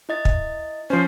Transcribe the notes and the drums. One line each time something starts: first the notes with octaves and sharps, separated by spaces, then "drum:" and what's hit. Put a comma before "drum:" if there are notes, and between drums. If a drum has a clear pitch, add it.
E4 D#5 A6
drum: kick
F3 C#4 C5